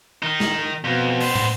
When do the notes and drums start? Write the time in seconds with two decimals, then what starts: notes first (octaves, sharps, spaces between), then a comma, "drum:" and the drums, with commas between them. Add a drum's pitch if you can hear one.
0.23 D#3 D#4
0.40 drum: snare
0.84 F2 B2
1.21 B3 C5, drum: open hi-hat
1.35 drum: tom